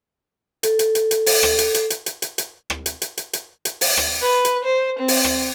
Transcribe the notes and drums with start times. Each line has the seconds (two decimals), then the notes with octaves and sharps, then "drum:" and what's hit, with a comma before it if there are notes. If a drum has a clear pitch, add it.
0.63 A4, drum: hi-hat
0.79 drum: hi-hat
0.95 drum: hi-hat
1.11 drum: hi-hat
1.26 A4, drum: open hi-hat
1.43 drum: rim click
1.59 drum: hi-hat
1.74 drum: hi-hat
1.90 drum: hi-hat
2.06 drum: hi-hat
2.22 drum: hi-hat
2.38 drum: hi-hat
2.70 drum: rim click
2.86 drum: hi-hat
3.02 drum: hi-hat
3.17 drum: hi-hat
3.33 drum: hi-hat
3.65 drum: hi-hat
3.81 drum: open hi-hat
3.97 drum: rim click
4.22 B4
4.45 drum: hi-hat
4.65 C5
4.99 C4
5.08 drum: open hi-hat
5.24 drum: rim click